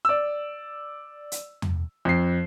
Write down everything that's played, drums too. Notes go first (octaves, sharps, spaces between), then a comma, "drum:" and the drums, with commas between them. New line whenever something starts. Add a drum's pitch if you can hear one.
D5 E6
drum: hi-hat
drum: tom E2
F2 C7